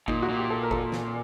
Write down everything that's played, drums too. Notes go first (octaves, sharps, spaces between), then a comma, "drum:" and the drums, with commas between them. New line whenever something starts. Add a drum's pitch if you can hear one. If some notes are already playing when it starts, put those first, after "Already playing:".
A#2 D#4, drum: kick G1
F#4
A#2
G4
A4
A#4
A4, drum: kick G1
drum: snare